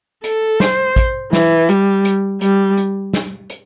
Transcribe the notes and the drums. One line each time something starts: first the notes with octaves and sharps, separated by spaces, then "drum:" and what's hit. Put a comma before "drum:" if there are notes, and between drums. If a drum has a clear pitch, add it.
A4, drum: hi-hat
C5, drum: snare
drum: kick, hi-hat
E3, drum: snare
G3, drum: hi-hat
drum: hi-hat
G3, drum: hi-hat
drum: hi-hat
drum: snare
drum: hi-hat